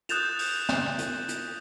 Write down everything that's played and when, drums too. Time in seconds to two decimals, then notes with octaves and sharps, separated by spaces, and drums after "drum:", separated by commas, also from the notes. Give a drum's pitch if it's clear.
0.09 D#6 F#6 G6 A6 E7 F7, drum: hi-hat
0.39 drum: open hi-hat
0.69 drum: snare
0.99 drum: hi-hat
1.29 drum: hi-hat